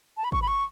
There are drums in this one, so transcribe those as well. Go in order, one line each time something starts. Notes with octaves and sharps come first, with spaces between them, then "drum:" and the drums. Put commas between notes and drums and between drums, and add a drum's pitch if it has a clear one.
A5
B5
C#6, drum: kick
B5
C#6